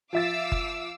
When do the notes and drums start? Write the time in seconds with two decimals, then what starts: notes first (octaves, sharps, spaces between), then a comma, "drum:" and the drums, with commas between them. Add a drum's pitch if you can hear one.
0.13 F3 E5 F5 D6 E6 A6
0.52 drum: kick F#1